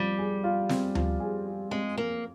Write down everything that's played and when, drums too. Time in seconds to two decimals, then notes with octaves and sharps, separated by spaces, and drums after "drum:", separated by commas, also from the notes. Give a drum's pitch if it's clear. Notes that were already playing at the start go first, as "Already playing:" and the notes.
Already playing: F3 G3 C4
0.19 G#4
0.44 F4
0.69 C4, drum: snare
0.95 F3, drum: tom D2
1.20 G#4
1.47 F4
1.71 G#3 C4
1.97 F3 A#3